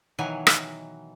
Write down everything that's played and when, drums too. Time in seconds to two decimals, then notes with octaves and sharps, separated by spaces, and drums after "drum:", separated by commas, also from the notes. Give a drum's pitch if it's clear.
0.18 B2 D#3 E3 F#3 G#5
0.47 drum: rim click